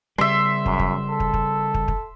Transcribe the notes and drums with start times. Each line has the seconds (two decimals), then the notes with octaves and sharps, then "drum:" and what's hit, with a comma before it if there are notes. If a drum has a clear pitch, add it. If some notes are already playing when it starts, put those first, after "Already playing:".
0.18 C#3 G3 E5 C6
0.66 F#2, drum: kick
0.79 drum: kick
1.10 A4
1.20 drum: kick
1.34 drum: kick
1.74 drum: kick
1.88 drum: kick